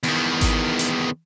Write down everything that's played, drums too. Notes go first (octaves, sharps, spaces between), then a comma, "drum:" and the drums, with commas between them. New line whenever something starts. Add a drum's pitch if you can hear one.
E2 D#3, drum: open hi-hat
drum: kick G#1, hi-hat
drum: hi-hat